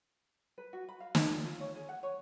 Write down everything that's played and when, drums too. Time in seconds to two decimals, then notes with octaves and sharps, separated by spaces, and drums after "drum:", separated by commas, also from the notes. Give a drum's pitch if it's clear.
0.58 B4
0.73 F#4
0.89 B5
1.00 F5
1.15 A5, drum: snare
1.32 F4
1.45 F4
1.60 C#5
1.76 G#4
1.89 F#5
2.03 C#5